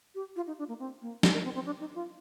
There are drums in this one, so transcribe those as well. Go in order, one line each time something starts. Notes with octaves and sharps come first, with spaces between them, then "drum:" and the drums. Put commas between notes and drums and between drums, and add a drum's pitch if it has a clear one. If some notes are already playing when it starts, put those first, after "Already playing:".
G4
F4
D#4
D4
A#3
C4
A#3
C4, drum: snare
A#4
C4
C4
D4
D#4
F4